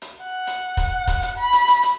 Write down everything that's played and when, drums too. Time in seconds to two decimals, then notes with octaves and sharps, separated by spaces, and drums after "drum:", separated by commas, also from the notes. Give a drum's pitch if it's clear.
0.02 drum: hi-hat
0.23 F#5
0.47 drum: hi-hat
0.77 drum: kick, hi-hat
1.07 drum: kick, hi-hat
1.23 drum: hi-hat
1.38 B5
1.53 drum: hi-hat
1.68 drum: hi-hat
1.83 drum: hi-hat